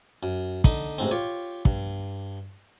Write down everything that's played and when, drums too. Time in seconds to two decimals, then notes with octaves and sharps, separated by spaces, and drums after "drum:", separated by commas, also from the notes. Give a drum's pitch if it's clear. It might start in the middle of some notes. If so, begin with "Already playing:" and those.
0.23 F#2
0.64 D3 D#4 B5, drum: kick
0.98 A1 G#2 C4
1.11 F4 G4 C#5
1.65 G2, drum: kick